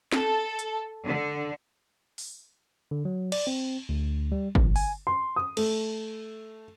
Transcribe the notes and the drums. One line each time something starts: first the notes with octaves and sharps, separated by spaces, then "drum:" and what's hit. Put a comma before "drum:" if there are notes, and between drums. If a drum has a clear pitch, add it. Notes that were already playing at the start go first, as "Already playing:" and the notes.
A4, drum: snare
drum: hi-hat
D3
drum: open hi-hat
D3
F#3
D5, drum: cymbal
C4
D2
G3
A#1, drum: kick G1
G#5, drum: open hi-hat
C6
D#6
A3, drum: cymbal